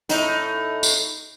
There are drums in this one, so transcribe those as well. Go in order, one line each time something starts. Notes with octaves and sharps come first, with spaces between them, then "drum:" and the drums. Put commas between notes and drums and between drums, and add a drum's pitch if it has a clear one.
A2 D#4, drum: hi-hat
drum: tambourine